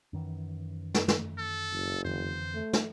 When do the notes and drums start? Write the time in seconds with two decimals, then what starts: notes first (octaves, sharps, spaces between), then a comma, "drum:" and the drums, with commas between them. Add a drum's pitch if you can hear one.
0.13 F#2 D#3 E3
0.94 drum: snare
1.08 drum: snare
1.38 A4
1.72 F#1
2.05 F2 D3 E3 C5
2.54 A3
2.73 drum: snare